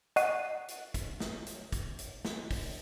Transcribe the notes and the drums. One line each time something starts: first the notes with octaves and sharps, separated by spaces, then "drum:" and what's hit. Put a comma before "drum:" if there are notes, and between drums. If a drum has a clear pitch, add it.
D#5 F#5 C#6 F#6 C7 D#7, drum: hi-hat
drum: hi-hat
drum: kick, hi-hat
drum: snare
drum: hi-hat
drum: kick, hi-hat
drum: hi-hat
drum: snare
drum: kick, open hi-hat